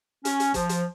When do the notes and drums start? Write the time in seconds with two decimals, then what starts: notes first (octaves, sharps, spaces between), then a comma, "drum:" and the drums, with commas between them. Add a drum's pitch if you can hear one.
0.25 C#4, drum: hi-hat
0.40 drum: hi-hat
0.54 F3, drum: kick, hi-hat
0.69 drum: hi-hat